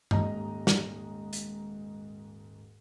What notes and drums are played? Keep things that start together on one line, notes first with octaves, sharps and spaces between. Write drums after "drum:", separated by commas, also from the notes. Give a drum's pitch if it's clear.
D#1 G#2 D#5 A#5, drum: tom G2
drum: snare
drum: hi-hat